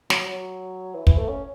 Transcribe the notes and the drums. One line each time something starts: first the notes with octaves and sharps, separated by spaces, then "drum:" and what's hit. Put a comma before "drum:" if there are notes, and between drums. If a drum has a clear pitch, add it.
F#3, drum: snare
F#3
E3
E3, drum: kick
A3
C#4